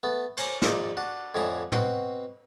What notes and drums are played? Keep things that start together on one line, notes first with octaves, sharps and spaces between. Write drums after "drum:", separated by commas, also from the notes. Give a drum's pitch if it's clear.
A3 B3
C5 C#5 G#5 A#5 D6, drum: cymbal
A#1 A#2 D#4 D5, drum: snare
D4 F#4
F2 A2 D3 E4 D#5 G#5
B2 C4 F#4, drum: tom